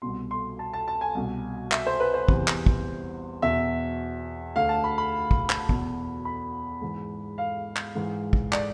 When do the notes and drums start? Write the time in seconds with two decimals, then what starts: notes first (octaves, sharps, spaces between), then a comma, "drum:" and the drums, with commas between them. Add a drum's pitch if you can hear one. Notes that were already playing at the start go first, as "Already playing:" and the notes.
0.02 C2 B2 C6
0.31 C6
0.59 A5
0.73 A5
0.88 A5
1.01 G#5
1.15 C2 B2
1.72 E5, drum: clap
1.87 C5
2.00 B4
2.14 C5
2.28 E2 C3 E3, drum: kick
2.48 drum: clap
2.66 drum: kick
3.42 E2 B2 E5
4.56 D2 D3 F5
4.69 A5
4.84 B5
4.98 B5
5.31 drum: kick
5.50 drum: clap
5.69 E2 B2, drum: kick
6.25 B5
6.81 G#2 E3
7.38 F5
7.76 drum: clap
7.95 G#2 E3
8.33 drum: kick
8.52 D5, drum: clap